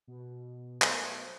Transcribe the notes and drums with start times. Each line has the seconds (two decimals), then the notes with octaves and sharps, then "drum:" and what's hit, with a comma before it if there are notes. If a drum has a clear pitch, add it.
0.08 B2
0.82 B1 A3 A#4 C5, drum: clap